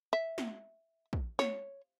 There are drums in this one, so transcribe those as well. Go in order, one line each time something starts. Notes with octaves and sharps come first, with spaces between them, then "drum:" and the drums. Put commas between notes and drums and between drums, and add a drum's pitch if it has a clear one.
E5
drum: snare
drum: kick
C#5, drum: snare